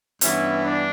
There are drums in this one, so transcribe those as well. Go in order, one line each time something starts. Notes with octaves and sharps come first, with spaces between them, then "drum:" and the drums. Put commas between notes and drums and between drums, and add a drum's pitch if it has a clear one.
G2 E3 B3 C#4 E4, drum: hi-hat
D4